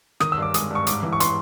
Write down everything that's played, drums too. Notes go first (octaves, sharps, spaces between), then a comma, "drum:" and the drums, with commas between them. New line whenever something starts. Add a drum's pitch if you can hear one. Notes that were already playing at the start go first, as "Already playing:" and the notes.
D#3 D#6, drum: rim click
E6
G2 D6
G#3 D#6, drum: hi-hat
G2 C#6
G#2 D6, drum: hi-hat
E3
C#6
C6, drum: hi-hat